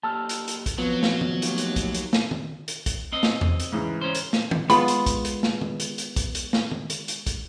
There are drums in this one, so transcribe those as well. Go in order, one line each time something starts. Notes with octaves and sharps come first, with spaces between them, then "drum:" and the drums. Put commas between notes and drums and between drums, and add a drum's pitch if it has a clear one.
A#3 G4 A4 A5 E6 F6
drum: hi-hat
drum: hi-hat
drum: kick, hi-hat
F2 F3 F#3 B3
drum: snare
drum: tom D#3
D#2 F3 A3 F4, drum: hi-hat
drum: hi-hat
drum: kick, hi-hat
drum: hi-hat
drum: snare
drum: tom D#3
drum: hi-hat
drum: kick, hi-hat
C4 D#5
drum: snare
drum: tom E2
drum: hi-hat
G#2 C#3 E3
C#4 C5
drum: hi-hat
drum: snare
drum: tom D#3
G#3 B3 F4 B5, drum: hi-hat
drum: hi-hat
drum: kick, hi-hat
drum: hi-hat
drum: snare
drum: tom D#3
drum: hi-hat
drum: hi-hat
drum: kick, hi-hat
drum: hi-hat
drum: snare
drum: tom D#3
drum: hi-hat
drum: hi-hat
drum: kick, hi-hat